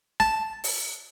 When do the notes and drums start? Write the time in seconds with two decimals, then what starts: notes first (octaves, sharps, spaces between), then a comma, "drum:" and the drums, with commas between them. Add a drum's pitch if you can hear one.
0.20 A5, drum: snare
0.64 drum: open hi-hat